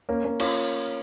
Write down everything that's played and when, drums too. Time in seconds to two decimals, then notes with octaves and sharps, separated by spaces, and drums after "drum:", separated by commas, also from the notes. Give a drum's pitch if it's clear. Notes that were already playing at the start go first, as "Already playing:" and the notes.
0.09 A#3 C#4
0.24 A#3 C#4
0.40 C#4 F4, drum: cymbal